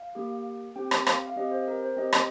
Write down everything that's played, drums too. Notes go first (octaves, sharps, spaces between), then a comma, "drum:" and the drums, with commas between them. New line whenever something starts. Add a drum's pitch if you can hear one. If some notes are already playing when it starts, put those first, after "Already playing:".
Already playing: F5
A#3 G4
C4 G4 G5
drum: rim click
F5, drum: rim click
F5
C4 G4 D#5
C5
A#4
C5
C4 G4 D#5
drum: rim click